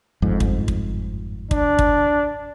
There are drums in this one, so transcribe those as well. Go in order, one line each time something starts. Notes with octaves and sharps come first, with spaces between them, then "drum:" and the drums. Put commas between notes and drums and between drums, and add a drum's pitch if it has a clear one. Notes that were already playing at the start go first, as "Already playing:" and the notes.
G1 F2 G#2
drum: kick
drum: kick
D4, drum: kick
drum: kick